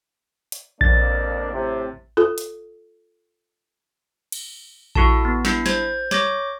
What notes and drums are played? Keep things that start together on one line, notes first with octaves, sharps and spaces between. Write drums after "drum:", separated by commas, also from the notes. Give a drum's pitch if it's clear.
drum: hi-hat
F2 A#3 D4 A6, drum: kick A#1
A2 C3
F4 A4
drum: hi-hat
drum: cymbal
E4 F#4 A4 A5, drum: kick A#1
B3
D4 E4 C7, drum: snare
C5 G#6, drum: snare
C#5 D6 G6 A#6, drum: snare